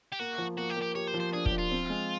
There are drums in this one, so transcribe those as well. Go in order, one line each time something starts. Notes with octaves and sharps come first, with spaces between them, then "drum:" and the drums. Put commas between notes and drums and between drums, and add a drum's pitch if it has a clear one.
G4
A#3 F#4
F3
A#3 F#4
G4
A#3
G4
G4 C#5
C5
F3
C5
D4 G#4
G4, drum: kick
F3
F4
C4
G#3